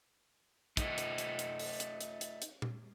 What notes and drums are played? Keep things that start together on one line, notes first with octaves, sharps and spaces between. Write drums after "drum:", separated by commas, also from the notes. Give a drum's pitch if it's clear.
A3 D#4, drum: kick, hi-hat
drum: hi-hat
drum: hi-hat
drum: hi-hat
drum: open hi-hat
drum: hi-hat
drum: hi-hat
drum: hi-hat
drum: hi-hat
drum: tom A#2